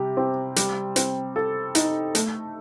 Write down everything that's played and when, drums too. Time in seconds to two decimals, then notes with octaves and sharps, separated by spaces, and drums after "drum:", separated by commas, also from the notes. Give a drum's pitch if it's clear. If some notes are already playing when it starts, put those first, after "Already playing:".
Already playing: C3 G3 G4
0.17 C4
0.56 G3, drum: hi-hat
0.96 C4, drum: hi-hat
1.36 A4
1.75 D#4, drum: hi-hat
2.15 A3, drum: hi-hat